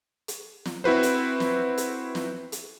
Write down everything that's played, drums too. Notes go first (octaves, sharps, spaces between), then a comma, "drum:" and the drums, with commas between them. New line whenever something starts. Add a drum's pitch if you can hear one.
drum: hi-hat
drum: snare
C4 E4 F#4 B4 C5
drum: hi-hat
drum: snare
drum: hi-hat
drum: snare
drum: hi-hat